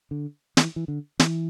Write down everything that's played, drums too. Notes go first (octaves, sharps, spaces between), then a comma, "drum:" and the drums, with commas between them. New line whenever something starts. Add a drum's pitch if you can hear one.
D3
E3, drum: snare
E3
D3
E3, drum: snare